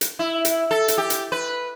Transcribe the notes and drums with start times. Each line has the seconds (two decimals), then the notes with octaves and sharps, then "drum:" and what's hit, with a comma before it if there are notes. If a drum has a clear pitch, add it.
0.01 drum: hi-hat
0.19 E4
0.45 drum: hi-hat
0.71 A4
0.88 drum: hi-hat
0.98 G4
1.10 drum: hi-hat
1.32 B4